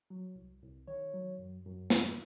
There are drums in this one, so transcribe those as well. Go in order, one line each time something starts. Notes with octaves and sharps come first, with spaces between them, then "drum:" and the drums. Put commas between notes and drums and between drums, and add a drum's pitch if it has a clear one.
F#3
C2
C2
D#3 C#5
F#3
F#2
F#2
D#3, drum: snare